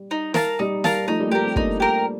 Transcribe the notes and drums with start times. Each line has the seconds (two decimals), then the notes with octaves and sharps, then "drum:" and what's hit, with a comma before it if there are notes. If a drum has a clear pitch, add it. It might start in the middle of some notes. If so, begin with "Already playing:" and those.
Already playing: G3
0.11 D#4
0.34 A#4 F5 A5, drum: snare
0.59 G3 D#4
0.84 A#4 F5 A5, drum: snare
1.08 F3 A3 D#4
1.20 G3 A#3
1.32 G3 A#3 G4 A#4
1.44 A3 C4
1.56 A#3 D4 D#4, drum: kick
1.80 G4 A#4